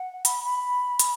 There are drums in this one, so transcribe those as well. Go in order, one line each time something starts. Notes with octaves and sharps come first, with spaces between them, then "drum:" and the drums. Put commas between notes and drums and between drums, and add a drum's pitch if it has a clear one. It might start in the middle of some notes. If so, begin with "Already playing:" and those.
Already playing: F#5
B5, drum: hi-hat
B5
drum: hi-hat